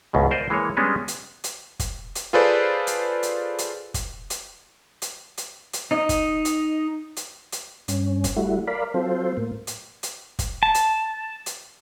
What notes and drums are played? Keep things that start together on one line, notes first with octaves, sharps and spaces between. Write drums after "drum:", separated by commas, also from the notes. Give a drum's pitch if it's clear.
C#2 G#2 B2 E3
A#4 C5 D5 D#5
E3 G#3 A#3 C#5
G3 G#3 B3 C#4 D4 G#4
drum: hi-hat
drum: hi-hat
drum: kick, hi-hat
drum: hi-hat
F4 G#4 A4 B4 C5 D5
drum: hi-hat
drum: hi-hat
drum: hi-hat
drum: kick, hi-hat
drum: hi-hat
drum: hi-hat
drum: hi-hat
drum: hi-hat
D#4 D#5
drum: kick, hi-hat
drum: hi-hat
drum: hi-hat
drum: hi-hat
G2 C#4, drum: hi-hat
drum: kick, hi-hat
G3 A3 E4 F#4
A#4 D5 F5 B5
F#3 C4 F4 A4 C5
A2 A#3
drum: hi-hat
drum: hi-hat
drum: kick, hi-hat
A5
drum: hi-hat
drum: hi-hat